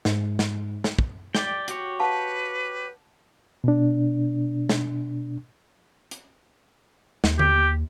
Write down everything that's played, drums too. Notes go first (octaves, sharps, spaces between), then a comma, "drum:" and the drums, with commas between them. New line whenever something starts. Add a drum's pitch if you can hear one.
G#2, drum: snare
drum: snare
drum: snare
drum: kick
G4 D5 G5, drum: snare
F#4 G4 C#5, drum: hi-hat
B4 F5 F#5 A5
B2 D4
drum: snare
drum: hi-hat
D#2, drum: snare
G4, drum: tom D3